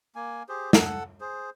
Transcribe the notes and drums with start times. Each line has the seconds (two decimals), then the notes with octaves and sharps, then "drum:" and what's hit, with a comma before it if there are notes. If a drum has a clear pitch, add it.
0.15 A#3 G#5
0.49 G4 G#4 C5
0.73 A4 F#5, drum: snare
1.21 G#4 C5